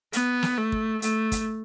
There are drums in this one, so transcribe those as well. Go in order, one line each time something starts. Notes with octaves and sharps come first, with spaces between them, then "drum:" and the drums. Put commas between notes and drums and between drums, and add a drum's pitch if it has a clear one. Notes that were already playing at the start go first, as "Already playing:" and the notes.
B3, drum: hi-hat
drum: snare
A3
drum: kick
A3, drum: hi-hat
drum: kick, hi-hat